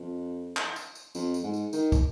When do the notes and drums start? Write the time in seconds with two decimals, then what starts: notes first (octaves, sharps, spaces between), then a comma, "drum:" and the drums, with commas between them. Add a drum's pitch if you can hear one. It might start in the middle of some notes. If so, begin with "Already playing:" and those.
Already playing: F2
0.57 drum: clap
0.76 drum: tambourine
0.95 drum: tambourine
1.15 F2, drum: tambourine
1.34 drum: tambourine
1.43 G#2
1.53 drum: tambourine
1.73 D#3, drum: tambourine
1.92 drum: kick, tambourine